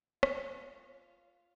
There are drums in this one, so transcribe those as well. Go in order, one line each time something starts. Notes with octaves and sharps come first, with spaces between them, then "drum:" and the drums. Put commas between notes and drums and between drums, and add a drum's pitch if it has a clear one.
F4 F5 G#5 D6 F#6, drum: rim click